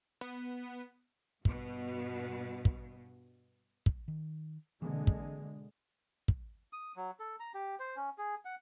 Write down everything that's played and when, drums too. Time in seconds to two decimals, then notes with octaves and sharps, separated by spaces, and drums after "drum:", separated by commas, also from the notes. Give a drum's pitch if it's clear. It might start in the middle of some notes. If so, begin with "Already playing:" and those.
0.21 B3
1.45 G2 B2, drum: kick
2.65 drum: kick
3.86 drum: kick
4.08 D#3
4.82 B2 D3 E3 G#3 A#3 C4
5.07 drum: kick
6.28 drum: kick
6.73 D#6
6.96 F#3
7.20 A4
7.40 A#5
7.54 G4
7.80 C5
7.96 C#4
8.18 G#4
8.45 F#5